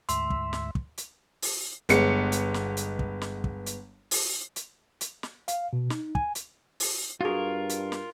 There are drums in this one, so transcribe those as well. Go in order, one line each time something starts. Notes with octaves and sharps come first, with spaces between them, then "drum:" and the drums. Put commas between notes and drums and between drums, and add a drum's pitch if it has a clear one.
D2 G#2 E5 C6, drum: hi-hat
drum: kick
drum: snare
drum: kick
drum: hi-hat
drum: open hi-hat
G1 G#3 B3 C#7, drum: hi-hat
drum: hi-hat
drum: snare
drum: hi-hat
drum: kick
drum: snare
drum: kick
drum: hi-hat
drum: open hi-hat
drum: hi-hat
drum: hi-hat
drum: snare
F5, drum: hi-hat
B2
D#4, drum: snare
G#5, drum: kick
drum: hi-hat
drum: open hi-hat
G2 F4 F#4 G#4 A#4
drum: hi-hat
drum: snare